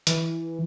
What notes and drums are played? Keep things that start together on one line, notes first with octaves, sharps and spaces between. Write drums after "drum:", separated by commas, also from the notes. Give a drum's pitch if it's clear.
E3, drum: hi-hat